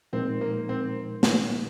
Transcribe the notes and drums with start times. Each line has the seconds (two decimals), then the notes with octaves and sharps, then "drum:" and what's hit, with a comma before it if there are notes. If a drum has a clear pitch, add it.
0.13 A#2 F3 G#3 C4 D#4 A#4
0.41 A#3
0.69 C4
1.23 drum: snare